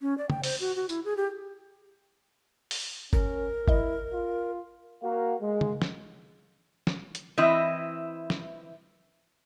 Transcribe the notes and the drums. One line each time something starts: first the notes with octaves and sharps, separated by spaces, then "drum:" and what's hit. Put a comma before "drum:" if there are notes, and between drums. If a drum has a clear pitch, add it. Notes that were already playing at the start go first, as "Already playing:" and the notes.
C#4
D5
G5, drum: tom
C5, drum: open hi-hat
F#4
F#4
E4, drum: tambourine
G#4
G4
drum: open hi-hat
C#4 A#4, drum: kick G1
A#1 E4 D#5, drum: kick G1
F4
A#3 F#4 A#4 F5
G#3
drum: tom
drum: snare
drum: snare
drum: hi-hat
E3 C4 E4 D#5 E5
drum: snare